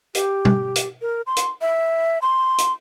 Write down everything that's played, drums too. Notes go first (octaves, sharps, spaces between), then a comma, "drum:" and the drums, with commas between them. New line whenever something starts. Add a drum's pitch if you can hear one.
G4, drum: hi-hat
drum: tom B2
drum: hi-hat
A#4
C6
drum: hi-hat
E5
C6
drum: hi-hat